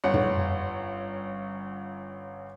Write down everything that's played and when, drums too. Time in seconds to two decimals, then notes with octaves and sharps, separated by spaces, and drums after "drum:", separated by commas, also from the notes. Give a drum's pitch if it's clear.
0.04 G1 C#4 F#5
0.14 drum: tom